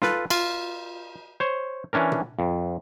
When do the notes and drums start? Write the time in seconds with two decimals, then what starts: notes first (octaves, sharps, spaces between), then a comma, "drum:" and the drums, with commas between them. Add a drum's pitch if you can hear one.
0.02 F4 A4 B4, drum: snare
0.30 F4, drum: cymbal
1.40 C5 C#5
1.93 E3 C#4 D4 A#4
2.12 drum: tom A#2
2.39 F2